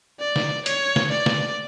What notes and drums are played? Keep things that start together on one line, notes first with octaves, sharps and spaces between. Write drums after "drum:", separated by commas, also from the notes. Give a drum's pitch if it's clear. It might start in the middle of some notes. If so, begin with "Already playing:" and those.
D5
drum: snare
C#5, drum: hi-hat
drum: snare
D5
drum: snare